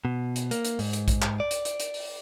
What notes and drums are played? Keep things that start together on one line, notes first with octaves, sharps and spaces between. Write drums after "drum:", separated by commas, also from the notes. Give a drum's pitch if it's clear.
B2
drum: hi-hat
A#3, drum: hi-hat
drum: hi-hat
G#2, drum: open hi-hat
drum: hi-hat
drum: kick A#1, hi-hat
drum: clap
D5
drum: hi-hat
drum: hi-hat
drum: hi-hat
drum: open hi-hat